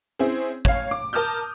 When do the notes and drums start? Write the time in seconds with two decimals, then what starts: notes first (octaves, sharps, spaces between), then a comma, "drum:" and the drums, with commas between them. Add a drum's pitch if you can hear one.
0.19 C4 C#4 E4 G#4
0.65 C#5 F5, drum: kick
0.91 D6
1.13 A#4 A5 D#6 F6 G6